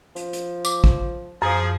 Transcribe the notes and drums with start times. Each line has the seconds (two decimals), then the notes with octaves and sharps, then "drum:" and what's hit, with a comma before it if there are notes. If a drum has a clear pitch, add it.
0.16 F3, drum: hi-hat
0.33 drum: hi-hat
0.65 D6, drum: tambourine
0.84 drum: kick
1.42 F#2 F3 G#4